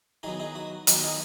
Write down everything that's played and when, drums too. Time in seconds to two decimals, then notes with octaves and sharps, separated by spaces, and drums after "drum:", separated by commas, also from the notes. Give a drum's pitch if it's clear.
0.23 D#3 F#3 B3 D#4 G#4
0.39 D#4 G#4
0.55 F#4
0.87 D#3 F#3 B3, drum: hi-hat
1.03 D#4 G#4